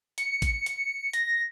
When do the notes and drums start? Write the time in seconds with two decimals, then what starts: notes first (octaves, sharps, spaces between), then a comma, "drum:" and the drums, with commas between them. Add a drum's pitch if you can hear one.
0.18 C#7, drum: hi-hat
0.42 drum: kick A1, hi-hat
0.66 drum: hi-hat
1.13 A#6, drum: hi-hat